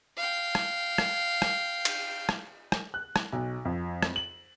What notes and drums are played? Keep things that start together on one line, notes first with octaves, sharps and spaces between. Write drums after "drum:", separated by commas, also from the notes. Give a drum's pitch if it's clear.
F5 G5
drum: rim click
drum: rim click
drum: rim click
drum: cymbal
drum: rim click
drum: rim click
F#6
drum: rim click
B1
F2
drum: rim click
F#7